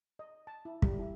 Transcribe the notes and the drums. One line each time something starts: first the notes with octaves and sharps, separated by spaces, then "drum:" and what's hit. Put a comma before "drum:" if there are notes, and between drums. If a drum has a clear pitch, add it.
D#5
A5
E4
G3, drum: kick
E4